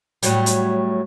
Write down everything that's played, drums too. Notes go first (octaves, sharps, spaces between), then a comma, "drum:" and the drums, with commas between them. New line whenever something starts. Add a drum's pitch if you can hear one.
A2 F#3 G3, drum: hi-hat
drum: hi-hat